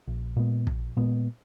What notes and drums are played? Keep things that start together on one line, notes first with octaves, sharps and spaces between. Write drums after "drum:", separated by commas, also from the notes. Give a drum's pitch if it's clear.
A#1
A#2 G#3 B3
A#1, drum: kick
A#2 G#3 B3